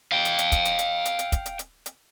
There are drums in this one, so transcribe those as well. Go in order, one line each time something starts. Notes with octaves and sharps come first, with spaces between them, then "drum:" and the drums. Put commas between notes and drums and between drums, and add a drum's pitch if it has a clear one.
F5 G5
drum: hi-hat
drum: hi-hat
drum: kick, hi-hat
drum: hi-hat
drum: hi-hat
drum: hi-hat
drum: hi-hat
drum: kick, hi-hat
drum: hi-hat
drum: hi-hat
drum: hi-hat